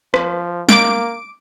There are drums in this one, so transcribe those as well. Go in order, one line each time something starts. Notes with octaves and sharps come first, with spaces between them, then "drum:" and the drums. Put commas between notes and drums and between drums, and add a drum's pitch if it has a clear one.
F3, drum: rim click
A#3 D6 D7, drum: snare